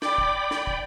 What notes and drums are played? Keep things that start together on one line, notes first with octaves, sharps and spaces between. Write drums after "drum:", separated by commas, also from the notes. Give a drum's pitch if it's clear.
D5 G5 B5 D6, drum: snare
drum: kick
drum: snare
drum: kick